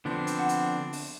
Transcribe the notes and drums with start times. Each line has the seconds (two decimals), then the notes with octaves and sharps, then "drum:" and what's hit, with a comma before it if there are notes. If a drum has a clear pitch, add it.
0.05 D3 F3 B3 C4 D4
0.27 drum: hi-hat
0.39 F#5
0.49 drum: hi-hat
0.93 drum: open hi-hat